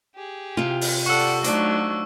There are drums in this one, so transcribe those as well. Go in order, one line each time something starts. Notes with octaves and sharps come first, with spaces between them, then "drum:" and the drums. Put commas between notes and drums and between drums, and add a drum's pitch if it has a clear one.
G4 G#4
C3 F4
drum: open hi-hat
G4 A4 D5 F#5 C#6 E6
F3 F#3 A3 D4 D#4, drum: hi-hat